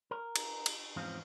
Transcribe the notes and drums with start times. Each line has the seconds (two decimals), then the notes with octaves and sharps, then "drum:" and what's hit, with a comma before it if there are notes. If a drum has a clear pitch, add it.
0.11 A#4
0.36 drum: cymbal
0.66 drum: cymbal
0.96 E2 G#2 F3 C4 C#4 F5